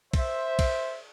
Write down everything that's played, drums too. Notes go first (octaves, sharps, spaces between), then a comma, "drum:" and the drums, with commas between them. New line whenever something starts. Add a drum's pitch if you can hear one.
C5 E5, drum: kick, cymbal
drum: kick, cymbal